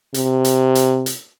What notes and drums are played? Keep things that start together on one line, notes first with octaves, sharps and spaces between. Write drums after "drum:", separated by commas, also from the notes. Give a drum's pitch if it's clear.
C3, drum: hi-hat
drum: hi-hat
drum: hi-hat
drum: hi-hat